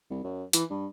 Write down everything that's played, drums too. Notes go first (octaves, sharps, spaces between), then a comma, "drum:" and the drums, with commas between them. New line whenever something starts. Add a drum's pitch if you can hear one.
C2
F#2
E3, drum: hi-hat
G2